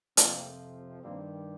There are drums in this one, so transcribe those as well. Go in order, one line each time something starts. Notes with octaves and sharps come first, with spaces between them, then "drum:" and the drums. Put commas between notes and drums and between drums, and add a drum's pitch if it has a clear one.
F2 C3 F3 A#3 C4, drum: hi-hat
G2 D#3 G3 A#3 C4